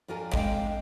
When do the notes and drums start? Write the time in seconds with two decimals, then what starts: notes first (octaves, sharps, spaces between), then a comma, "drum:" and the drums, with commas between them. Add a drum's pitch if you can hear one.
0.08 F2 D4 F4 A#4 G#5
0.34 G#3 C4 D4 F5 G5, drum: kick